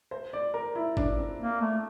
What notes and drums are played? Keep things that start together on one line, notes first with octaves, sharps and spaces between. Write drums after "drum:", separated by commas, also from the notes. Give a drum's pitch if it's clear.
C5
D5
A#4
E4
D4, drum: kick G#1
C4
A#3
A3